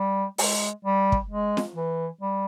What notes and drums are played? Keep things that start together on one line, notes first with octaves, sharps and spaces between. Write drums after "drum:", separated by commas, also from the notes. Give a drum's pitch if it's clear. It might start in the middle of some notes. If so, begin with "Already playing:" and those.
Already playing: G3
G#3, drum: open hi-hat
G3
drum: kick
G#3
drum: snare
E3
G3